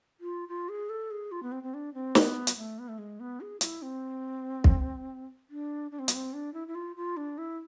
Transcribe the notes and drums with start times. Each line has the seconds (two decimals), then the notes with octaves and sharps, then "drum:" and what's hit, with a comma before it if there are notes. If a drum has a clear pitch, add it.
0.20 F4
0.48 F4
0.69 G#4
0.89 A4
1.11 G#4
1.31 F4
1.43 B3
1.52 C4
1.63 C4
1.74 D4
1.94 C4
2.15 B3, drum: snare
2.47 drum: hi-hat
2.57 A3
2.79 B3
2.88 A3
2.98 G#3
3.20 B3
3.41 G#4
3.61 E4, drum: hi-hat
3.82 C4
4.64 drum: kick
5.50 D4
5.91 D4
5.99 C4
6.08 B3, drum: hi-hat
6.15 C4
6.34 D4
6.54 E4
6.68 E4
6.75 F4
6.96 F4
7.17 D4
7.38 E4